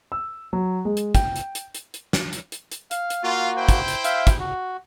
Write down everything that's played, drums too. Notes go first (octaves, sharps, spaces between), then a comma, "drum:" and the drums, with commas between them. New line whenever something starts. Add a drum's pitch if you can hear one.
E6
F#3
G#3
drum: hi-hat
G5, drum: kick, hi-hat
drum: hi-hat
drum: hi-hat
drum: hi-hat
drum: hi-hat
drum: snare
drum: hi-hat
drum: hi-hat
drum: hi-hat
F5, drum: hi-hat
drum: hi-hat
A#3 F4 F#4
E4 C5 G5
drum: kick, hi-hat
drum: hi-hat
E5 F5, drum: hi-hat
drum: kick, hi-hat
F#4